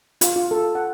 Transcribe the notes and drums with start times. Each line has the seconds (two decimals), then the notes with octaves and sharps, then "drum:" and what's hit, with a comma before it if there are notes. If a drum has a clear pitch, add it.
0.21 F4, drum: hi-hat
0.36 F4
0.51 A4
0.75 F#5